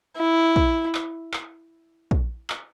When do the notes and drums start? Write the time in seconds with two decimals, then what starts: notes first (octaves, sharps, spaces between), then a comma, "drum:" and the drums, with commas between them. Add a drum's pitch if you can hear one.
0.17 E4
0.56 drum: kick
0.95 drum: clap
1.34 drum: clap
2.11 drum: kick
2.50 drum: clap